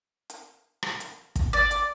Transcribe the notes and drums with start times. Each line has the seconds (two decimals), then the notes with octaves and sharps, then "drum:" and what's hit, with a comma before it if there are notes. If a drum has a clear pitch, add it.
0.30 drum: hi-hat
0.83 drum: rim click
1.00 drum: hi-hat
1.36 drum: kick, hi-hat
1.53 D5
1.71 drum: hi-hat